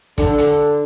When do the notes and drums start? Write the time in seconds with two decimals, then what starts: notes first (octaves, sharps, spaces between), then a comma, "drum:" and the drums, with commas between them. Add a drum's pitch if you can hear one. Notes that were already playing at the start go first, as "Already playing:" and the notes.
0.18 D3, drum: kick, hi-hat
0.38 drum: hi-hat